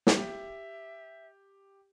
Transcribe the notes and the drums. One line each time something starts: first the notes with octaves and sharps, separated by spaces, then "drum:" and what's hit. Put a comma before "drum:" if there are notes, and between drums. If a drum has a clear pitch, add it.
drum: snare
G4 E5